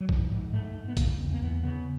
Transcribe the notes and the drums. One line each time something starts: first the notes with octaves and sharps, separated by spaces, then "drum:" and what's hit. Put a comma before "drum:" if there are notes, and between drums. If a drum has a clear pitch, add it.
F#3
G#2 F3, drum: kick B1
G#2
G#2 A3
G#2
B3
C#3 A#3, drum: kick B1, hi-hat
E2 C4
A#3
E2 B3
C#3 B3